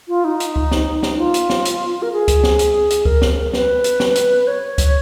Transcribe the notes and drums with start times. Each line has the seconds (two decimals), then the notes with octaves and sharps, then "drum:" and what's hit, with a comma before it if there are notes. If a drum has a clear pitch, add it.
0.08 F4
0.24 D#4
0.40 drum: hi-hat
0.56 drum: kick C#2
0.71 drum: snare
1.03 drum: snare
1.18 F4
1.34 drum: hi-hat
1.50 drum: snare
1.65 drum: hi-hat
2.02 A#4
2.12 G#4
2.28 drum: kick C#2, hi-hat
2.43 drum: snare
2.59 drum: hi-hat
2.90 drum: hi-hat
3.05 A#4, drum: kick C#2
3.22 drum: snare
3.53 B4, drum: snare
3.84 drum: hi-hat
4.00 drum: snare
4.15 drum: hi-hat
4.47 C#5
4.78 drum: kick C#2, hi-hat